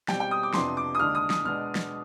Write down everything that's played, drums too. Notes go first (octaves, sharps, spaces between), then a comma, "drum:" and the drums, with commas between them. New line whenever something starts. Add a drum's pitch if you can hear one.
B2 G3 C4 G5, drum: snare
G5
D#6
D6
F2 C3 F3 B3 D4 C6, drum: snare
D6
D#6
D#2 D3 G#3 D4 F6
D#6
D#6, drum: snare
B2 G#3 B3 D4 F6
drum: snare